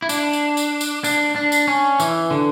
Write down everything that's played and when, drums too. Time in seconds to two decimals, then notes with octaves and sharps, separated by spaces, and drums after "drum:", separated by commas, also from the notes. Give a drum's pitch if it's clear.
0.02 E4
0.09 D4, drum: tambourine
0.33 drum: tambourine
0.57 drum: tambourine
0.81 drum: tambourine
1.04 D4, drum: tambourine
1.36 D4
1.52 drum: tambourine
1.68 C#4
2.00 E3, drum: tambourine
2.31 D3